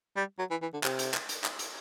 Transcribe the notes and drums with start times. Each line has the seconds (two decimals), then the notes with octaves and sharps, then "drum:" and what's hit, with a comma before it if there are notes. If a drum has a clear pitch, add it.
0.16 G3
0.38 F#3
0.50 E3
0.62 E3
0.73 D3
0.84 C3, drum: clap
0.99 drum: hi-hat
1.14 drum: clap
1.29 drum: hi-hat
1.44 drum: clap
1.59 drum: hi-hat